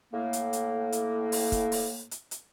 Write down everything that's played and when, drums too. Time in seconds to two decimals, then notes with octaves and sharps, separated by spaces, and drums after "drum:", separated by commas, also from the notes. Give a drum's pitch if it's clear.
0.13 A2 A#3
0.33 drum: hi-hat
0.53 drum: hi-hat
0.92 drum: hi-hat
1.32 drum: open hi-hat
1.52 drum: kick, hi-hat
1.72 drum: open hi-hat
2.11 drum: hi-hat
2.31 drum: hi-hat